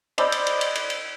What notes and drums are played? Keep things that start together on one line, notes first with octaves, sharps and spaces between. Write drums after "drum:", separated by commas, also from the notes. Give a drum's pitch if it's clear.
C5 D5 D#5 B5 E6 G6, drum: cymbal
drum: cymbal
drum: cymbal
drum: cymbal
drum: cymbal
drum: cymbal